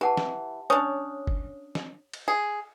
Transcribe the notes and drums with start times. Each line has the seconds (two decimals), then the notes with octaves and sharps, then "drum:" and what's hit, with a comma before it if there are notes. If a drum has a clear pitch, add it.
0.01 E3 G4 F#5 A5
0.17 drum: snare
0.70 C#4 D4 C#5 D#6
1.27 drum: kick
1.75 drum: snare
2.13 drum: cymbal
2.28 G#4